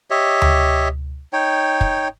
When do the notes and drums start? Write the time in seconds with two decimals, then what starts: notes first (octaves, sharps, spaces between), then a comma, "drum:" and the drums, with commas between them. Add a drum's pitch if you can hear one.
0.10 G4 C#5 D#5 E5
0.42 drum: tom D2
1.33 D#4 C#5 G5
1.81 drum: kick